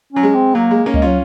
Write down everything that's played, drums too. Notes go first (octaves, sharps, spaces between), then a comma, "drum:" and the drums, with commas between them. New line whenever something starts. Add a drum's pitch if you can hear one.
F#3 C#4
G#3
C4
F#3 A#3
G#3
A#3 C#4
G#3, drum: tom C#2
F#3 C#4 F4